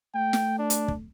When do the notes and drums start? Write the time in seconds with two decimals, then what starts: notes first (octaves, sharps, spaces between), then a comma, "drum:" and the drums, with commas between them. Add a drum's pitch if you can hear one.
0.15 A3 G5
0.33 drum: snare
0.59 D4
0.70 drum: hi-hat
0.88 drum: kick